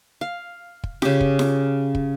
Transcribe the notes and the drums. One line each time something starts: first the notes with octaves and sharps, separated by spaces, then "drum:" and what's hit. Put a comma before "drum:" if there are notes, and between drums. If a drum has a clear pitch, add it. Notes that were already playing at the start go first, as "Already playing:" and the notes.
F5
drum: kick
C#3 G4, drum: snare F4
drum: kick
drum: snare F4
drum: kick